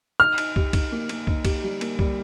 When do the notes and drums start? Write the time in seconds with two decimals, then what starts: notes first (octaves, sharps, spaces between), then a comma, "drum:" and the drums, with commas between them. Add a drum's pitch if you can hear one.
0.20 D#4 F6
0.38 D#4, drum: cymbal
0.56 G4, drum: kick
0.73 D#4, drum: kick, cymbal
0.92 A#3
1.09 A#3, drum: cymbal
1.27 D#4, drum: kick
1.45 G4, drum: kick, cymbal
1.64 G3
1.81 A#3, drum: cymbal
1.99 G3, drum: kick